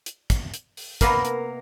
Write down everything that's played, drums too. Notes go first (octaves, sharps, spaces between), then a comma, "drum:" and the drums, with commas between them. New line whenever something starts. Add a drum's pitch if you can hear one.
drum: hi-hat
drum: kick, hi-hat
drum: hi-hat
drum: open hi-hat
C3 A#3 B3 A#4 B4 F5, drum: kick, hi-hat
drum: hi-hat